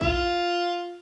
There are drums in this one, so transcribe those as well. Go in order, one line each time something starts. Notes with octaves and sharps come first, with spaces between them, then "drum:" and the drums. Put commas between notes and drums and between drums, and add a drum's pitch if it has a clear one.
F4, drum: kick